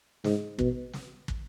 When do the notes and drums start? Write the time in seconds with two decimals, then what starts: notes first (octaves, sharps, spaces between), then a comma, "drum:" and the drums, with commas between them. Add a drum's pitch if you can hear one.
0.24 G#2, drum: snare
0.59 B2, drum: kick
0.93 drum: snare
1.28 drum: kick